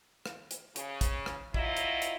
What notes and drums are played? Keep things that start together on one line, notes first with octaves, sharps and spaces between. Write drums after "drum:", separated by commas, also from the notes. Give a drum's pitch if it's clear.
drum: rim click
drum: hi-hat
C#3, drum: hi-hat
drum: kick, hi-hat
drum: rim click
F#3 E4 F4 D#5, drum: kick
drum: hi-hat
drum: hi-hat